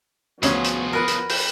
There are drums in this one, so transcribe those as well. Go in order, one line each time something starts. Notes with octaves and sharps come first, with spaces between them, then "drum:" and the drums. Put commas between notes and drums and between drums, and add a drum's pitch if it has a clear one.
D2 F3 B3 C#4 F4 F#4 G#4, drum: hi-hat
drum: hi-hat
A#4 B4 F#5
drum: hi-hat
drum: open hi-hat